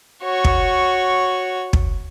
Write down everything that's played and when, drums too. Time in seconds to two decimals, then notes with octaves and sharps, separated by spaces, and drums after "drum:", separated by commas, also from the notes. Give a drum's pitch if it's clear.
0.23 F#4 C#5
0.44 drum: kick
1.73 drum: kick